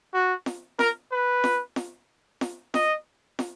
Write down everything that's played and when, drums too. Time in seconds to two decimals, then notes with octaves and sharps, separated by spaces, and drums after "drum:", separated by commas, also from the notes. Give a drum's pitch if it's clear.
0.14 F#4
0.46 drum: snare
0.79 A#4, drum: snare
1.12 B4
1.44 drum: snare
1.76 drum: snare
2.41 drum: snare
2.74 D#5, drum: snare
3.39 drum: snare